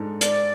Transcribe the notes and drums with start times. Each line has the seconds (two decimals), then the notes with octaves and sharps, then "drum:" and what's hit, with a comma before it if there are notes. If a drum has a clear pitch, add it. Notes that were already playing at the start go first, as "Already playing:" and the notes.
Already playing: G#2 G#3 D4 A4
0.21 D5, drum: hi-hat